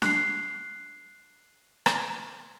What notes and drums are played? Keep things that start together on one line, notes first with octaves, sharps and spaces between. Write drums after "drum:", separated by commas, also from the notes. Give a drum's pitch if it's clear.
F#6 C7, drum: snare D4
drum: rim click